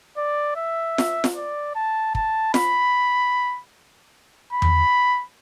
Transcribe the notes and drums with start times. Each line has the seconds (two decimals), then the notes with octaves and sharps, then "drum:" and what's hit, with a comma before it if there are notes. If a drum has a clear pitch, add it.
0.17 D5
0.56 E5
0.98 drum: snare F4
1.24 drum: snare F4
1.35 D5
1.75 A5
2.15 A5, drum: kick
2.54 B5, drum: snare F4
4.53 B5
4.62 drum: tom E2